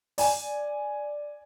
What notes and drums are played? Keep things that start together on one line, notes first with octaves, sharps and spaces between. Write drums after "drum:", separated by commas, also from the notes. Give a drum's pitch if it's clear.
D5 G#5, drum: open hi-hat